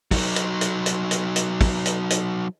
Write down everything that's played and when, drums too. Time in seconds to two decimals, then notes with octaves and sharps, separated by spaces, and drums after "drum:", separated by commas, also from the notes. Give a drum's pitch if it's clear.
0.11 F#3 D#4, drum: kick, open hi-hat
0.36 drum: hi-hat
0.61 drum: hi-hat
0.86 drum: hi-hat
1.11 drum: hi-hat
1.36 drum: hi-hat
1.61 drum: kick, open hi-hat
1.86 drum: hi-hat
2.10 drum: hi-hat